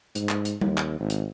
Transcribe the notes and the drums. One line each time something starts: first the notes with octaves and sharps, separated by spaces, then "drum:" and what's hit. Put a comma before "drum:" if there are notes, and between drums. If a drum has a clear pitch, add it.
G#2, drum: hi-hat
drum: clap
drum: hi-hat
D#2, drum: tom G3
drum: clap
G#1
drum: hi-hat